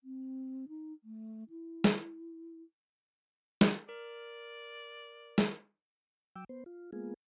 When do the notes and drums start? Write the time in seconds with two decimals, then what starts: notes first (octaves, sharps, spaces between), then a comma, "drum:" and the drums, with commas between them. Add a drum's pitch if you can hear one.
0.04 C4
0.68 D#4
1.04 A3
1.50 E4
1.84 drum: snare
3.61 drum: snare
3.89 A#4 D5
5.38 drum: snare
6.36 F#3 G5 D6 E6
6.49 B3 C5
6.66 F4
6.93 G#3 A#3 B3 F4 G#4